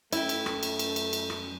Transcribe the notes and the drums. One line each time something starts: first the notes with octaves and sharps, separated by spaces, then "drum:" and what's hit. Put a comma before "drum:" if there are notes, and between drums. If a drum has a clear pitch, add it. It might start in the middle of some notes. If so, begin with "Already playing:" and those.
F#2 A3 C#4 E4 G5, drum: cymbal
drum: cymbal
drum: rim click
drum: cymbal
drum: cymbal
drum: cymbal
drum: cymbal
drum: rim click